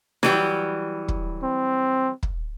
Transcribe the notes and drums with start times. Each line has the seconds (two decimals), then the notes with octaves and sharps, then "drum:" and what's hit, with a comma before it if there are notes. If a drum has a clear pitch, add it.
0.23 E3 F#3 G3, drum: snare
1.08 drum: kick
1.43 C4
2.23 drum: kick